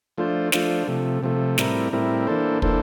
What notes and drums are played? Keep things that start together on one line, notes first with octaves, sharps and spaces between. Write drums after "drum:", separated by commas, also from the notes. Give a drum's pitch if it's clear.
F3 A3 D4 F4 C5
F3 A3 D4 F4 C5, drum: snare
C3 F3 A3
C3 F3 A3
A2 G3 C4 E4 A#4, drum: snare
A2 G3 C4 E4 A#4
E3 A#3 D4 A4 C5
E3 A#3 D4 A4 C5, drum: kick